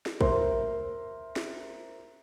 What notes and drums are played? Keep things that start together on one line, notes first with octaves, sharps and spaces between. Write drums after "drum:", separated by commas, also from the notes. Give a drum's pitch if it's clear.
drum: snare
A#4 C5 E5 C6, drum: kick
drum: snare